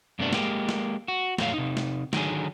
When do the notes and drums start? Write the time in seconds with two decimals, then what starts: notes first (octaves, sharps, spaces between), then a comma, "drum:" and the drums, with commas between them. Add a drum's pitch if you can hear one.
0.19 G2 C3 A3 B3 D4 F#4
0.33 G#3 A#3 G4, drum: snare
0.69 drum: snare
1.08 F#4
1.38 F2 A#2 F#3 A3 F5, drum: snare
1.54 C3 D#4
1.77 drum: snare
2.13 D3 D#3 F#3 G#4, drum: snare